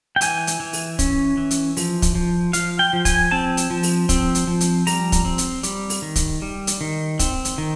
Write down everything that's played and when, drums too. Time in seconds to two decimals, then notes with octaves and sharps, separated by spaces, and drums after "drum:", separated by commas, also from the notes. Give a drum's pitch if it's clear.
0.16 G5
0.21 E3 G#5, drum: hi-hat
0.47 drum: hi-hat
0.60 E3
0.73 drum: open hi-hat
0.99 C#4, drum: kick, hi-hat
1.37 E3
1.51 drum: hi-hat
1.77 F3, drum: open hi-hat
2.02 drum: kick, hi-hat
2.15 F3
2.53 F3 F5, drum: hi-hat
2.79 G5
2.93 F3
3.05 G#5, drum: kick, hi-hat
3.31 C4 A5
3.57 drum: hi-hat
3.70 F3
3.83 drum: open hi-hat
4.09 C4, drum: kick, hi-hat
4.35 drum: hi-hat
4.47 F3
4.61 drum: hi-hat
4.87 G3 A#5, drum: open hi-hat
5.12 drum: kick, hi-hat
5.25 C4
5.38 drum: hi-hat
5.63 G3, drum: hi-hat
5.90 drum: open hi-hat
6.02 D#3
6.16 drum: kick, hi-hat
6.42 G3
6.67 drum: hi-hat
6.81 D#3
7.19 C4, drum: kick, hi-hat
7.45 drum: hi-hat
7.58 D#3